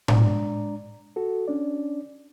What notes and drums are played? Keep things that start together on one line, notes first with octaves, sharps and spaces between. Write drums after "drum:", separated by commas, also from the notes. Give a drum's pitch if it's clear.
G#3 D4 D5 A#5, drum: tom A2
F#4 A4
C#4 D4 D5